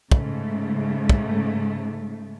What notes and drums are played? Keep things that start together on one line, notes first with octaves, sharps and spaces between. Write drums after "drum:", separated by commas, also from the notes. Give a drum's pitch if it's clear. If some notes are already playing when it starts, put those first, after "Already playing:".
G#2 C#3 A3, drum: kick
drum: kick